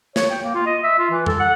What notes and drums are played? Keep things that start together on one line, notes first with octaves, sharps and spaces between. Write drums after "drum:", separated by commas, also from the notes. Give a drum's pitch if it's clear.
C#5, drum: snare
G5
A#3
F4
D#5
E5
F4
E3
A4, drum: tom F2
F#5